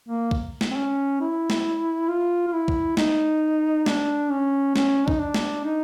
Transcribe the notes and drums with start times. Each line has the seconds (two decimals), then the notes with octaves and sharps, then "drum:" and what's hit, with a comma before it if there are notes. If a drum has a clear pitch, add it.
0.09 A#3
0.31 drum: kick
0.61 drum: snare A3
0.70 C4
0.76 C#4
1.21 E4
1.50 drum: snare A3
2.08 F4
2.47 F4
2.53 E4
2.68 drum: kick
2.97 D#4, drum: snare A3
3.86 D4, drum: snare A3
4.31 C#4
4.76 C#4, drum: snare A3
5.08 D#4, drum: kick
5.20 D4
5.34 drum: snare A3
5.64 D#4